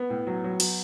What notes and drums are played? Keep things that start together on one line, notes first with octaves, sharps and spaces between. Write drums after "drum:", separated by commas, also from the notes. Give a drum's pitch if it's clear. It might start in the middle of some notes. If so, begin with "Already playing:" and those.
Already playing: B3
A2
F#3
F#3
F#3, drum: cymbal